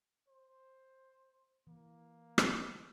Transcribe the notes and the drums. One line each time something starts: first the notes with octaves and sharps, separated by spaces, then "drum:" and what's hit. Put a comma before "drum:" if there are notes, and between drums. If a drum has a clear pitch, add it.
C5
E3 A#3
drum: rim click